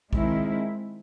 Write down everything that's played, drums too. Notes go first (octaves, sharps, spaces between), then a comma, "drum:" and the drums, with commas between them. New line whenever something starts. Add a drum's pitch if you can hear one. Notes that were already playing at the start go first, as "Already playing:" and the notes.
D#3 G#3 C4 E4, drum: kick A#1